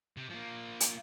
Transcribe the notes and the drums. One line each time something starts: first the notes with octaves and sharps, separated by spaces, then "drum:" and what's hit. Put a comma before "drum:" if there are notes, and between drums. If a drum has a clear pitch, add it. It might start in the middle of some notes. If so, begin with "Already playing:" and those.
C3
F3 A#3
drum: hi-hat